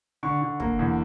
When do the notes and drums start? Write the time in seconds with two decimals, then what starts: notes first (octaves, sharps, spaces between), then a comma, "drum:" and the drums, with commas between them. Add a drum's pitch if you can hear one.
0.23 D3 C#6
0.42 D3
0.60 A#3, drum: kick
0.79 E2